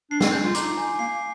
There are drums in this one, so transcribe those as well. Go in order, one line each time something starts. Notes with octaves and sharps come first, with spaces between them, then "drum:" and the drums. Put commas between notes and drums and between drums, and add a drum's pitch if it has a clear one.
D4 C7
C4, drum: snare
D4 G6
F4
D#4 D6, drum: hi-hat
G#5
A#3 C7